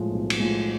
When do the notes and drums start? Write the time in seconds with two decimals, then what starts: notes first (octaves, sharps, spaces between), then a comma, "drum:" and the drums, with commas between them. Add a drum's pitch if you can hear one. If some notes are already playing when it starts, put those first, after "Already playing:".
Already playing: A2 F3 G#3
0.11 B1
0.30 drum: cymbal
0.40 A2 F3 G#3